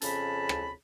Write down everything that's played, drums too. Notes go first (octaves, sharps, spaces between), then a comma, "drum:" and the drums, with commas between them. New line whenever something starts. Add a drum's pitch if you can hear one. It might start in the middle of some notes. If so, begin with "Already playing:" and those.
F2 C#3 C#4 A5 B5, drum: hi-hat
drum: rim click